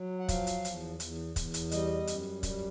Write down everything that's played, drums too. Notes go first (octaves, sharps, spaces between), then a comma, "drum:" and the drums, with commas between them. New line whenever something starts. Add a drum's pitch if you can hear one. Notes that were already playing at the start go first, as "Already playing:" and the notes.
Already playing: F#3
F#5
F3 F5, drum: kick, hi-hat
drum: hi-hat
E2, drum: hi-hat
E2, drum: hi-hat
E2, drum: kick, hi-hat
drum: hi-hat
G3 D#5, drum: hi-hat
F#2, drum: hi-hat
G3, drum: kick, hi-hat